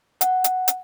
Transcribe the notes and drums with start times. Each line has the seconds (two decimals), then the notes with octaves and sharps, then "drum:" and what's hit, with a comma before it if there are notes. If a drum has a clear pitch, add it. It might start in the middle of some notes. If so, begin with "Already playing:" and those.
0.21 F#5, drum: hi-hat
0.44 drum: hi-hat
0.68 drum: hi-hat